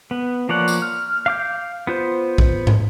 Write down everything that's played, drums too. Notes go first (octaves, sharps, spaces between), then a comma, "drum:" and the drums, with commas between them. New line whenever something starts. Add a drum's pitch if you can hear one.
B3
F3 A#3 C#5 D5 F#5
drum: tambourine
F6
F5 D6 G6
B3 F4 C5
drum: kick A#1
drum: tom